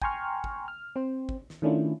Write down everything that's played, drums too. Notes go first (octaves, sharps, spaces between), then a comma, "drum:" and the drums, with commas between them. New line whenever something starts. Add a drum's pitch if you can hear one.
G5 G#5 A#5 C6 C#6 F6, drum: kick
drum: kick
F6
C4 C5
drum: kick
drum: snare
D#3 A3 C#4 D4 E4 F4